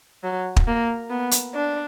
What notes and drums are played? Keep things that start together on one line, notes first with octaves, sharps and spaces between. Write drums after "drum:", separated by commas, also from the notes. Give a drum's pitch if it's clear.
F#3
drum: kick
A#3
B3
drum: hi-hat
D4